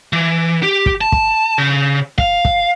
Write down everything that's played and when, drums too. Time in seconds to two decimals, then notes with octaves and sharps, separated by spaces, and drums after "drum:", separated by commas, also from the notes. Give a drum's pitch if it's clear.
0.13 E3
0.63 G4
0.86 drum: kick
1.01 A5
1.12 drum: kick
1.58 C#3
2.18 F5, drum: kick
2.45 drum: kick